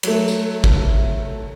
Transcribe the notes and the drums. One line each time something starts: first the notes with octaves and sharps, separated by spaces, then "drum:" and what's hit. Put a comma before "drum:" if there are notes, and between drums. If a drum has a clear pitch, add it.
F#3 A3, drum: cymbal
drum: tambourine
drum: kick G#1